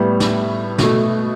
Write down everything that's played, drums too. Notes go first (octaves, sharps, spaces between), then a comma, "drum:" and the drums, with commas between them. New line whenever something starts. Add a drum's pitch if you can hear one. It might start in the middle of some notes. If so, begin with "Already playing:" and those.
Already playing: A2 G3 B3
drum: snare
B2 A3, drum: snare